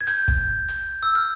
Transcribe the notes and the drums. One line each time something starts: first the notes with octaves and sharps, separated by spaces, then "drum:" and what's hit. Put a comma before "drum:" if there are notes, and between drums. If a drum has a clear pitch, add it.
G#6
G6, drum: hi-hat
drum: kick
drum: hi-hat
E6
F6